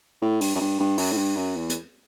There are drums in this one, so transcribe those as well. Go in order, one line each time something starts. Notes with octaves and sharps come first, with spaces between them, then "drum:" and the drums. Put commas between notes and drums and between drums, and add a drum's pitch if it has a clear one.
A2
G2, drum: open hi-hat
F#2
G2
G2
F#2, drum: open hi-hat
A2
G2
F#2
E2
drum: hi-hat